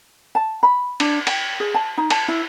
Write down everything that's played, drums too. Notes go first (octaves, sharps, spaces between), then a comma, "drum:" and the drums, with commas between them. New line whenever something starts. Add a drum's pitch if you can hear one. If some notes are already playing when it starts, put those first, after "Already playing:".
A5
B5
D4, drum: cymbal
G5, drum: cymbal
G#4
A5
D#4
A5, drum: cymbal
E4